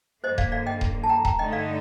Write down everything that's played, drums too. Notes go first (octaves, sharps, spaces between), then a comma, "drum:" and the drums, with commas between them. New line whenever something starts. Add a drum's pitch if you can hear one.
G2 D3 F3 A#3 C5 D#5
D5 F5, drum: kick D#1
D5 F5
D#5 G5
drum: kick D#1
A5
G5 A#5
G5 A#5, drum: kick D#1
G2 D3 A3 D#4 D#5 G5
D5 F5